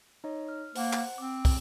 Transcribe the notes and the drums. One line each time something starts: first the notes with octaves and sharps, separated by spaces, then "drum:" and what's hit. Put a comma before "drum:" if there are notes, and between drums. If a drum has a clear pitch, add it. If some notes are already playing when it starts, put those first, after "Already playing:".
D#4 C#5 D#5
F6
A#3 C5 F#5, drum: open hi-hat
drum: clap
C4 D6
drum: kick, open hi-hat